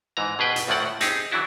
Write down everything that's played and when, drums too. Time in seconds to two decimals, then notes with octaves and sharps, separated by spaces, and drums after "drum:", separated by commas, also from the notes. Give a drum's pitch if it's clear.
0.17 G#2 E3 A#5
0.39 B2 G#4 B4 G5
0.56 drum: hi-hat
0.67 D2 A2 F3 F#3 D5 F#5
0.83 A2
1.01 C4 D#4 G4 G#4, drum: hi-hat
1.31 E3 F#3 D4 E4 F#4